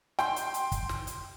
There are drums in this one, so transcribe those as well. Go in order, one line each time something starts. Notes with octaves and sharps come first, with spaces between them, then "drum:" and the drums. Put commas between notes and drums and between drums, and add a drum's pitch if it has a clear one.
G5 C6, drum: snare
drum: hi-hat
drum: hi-hat
drum: kick, hi-hat
drum: snare
drum: hi-hat